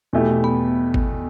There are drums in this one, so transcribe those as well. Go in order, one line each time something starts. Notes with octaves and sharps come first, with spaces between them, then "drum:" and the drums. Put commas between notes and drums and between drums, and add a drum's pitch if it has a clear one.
E2 B2 A3 E4 G4
B3
drum: kick G#1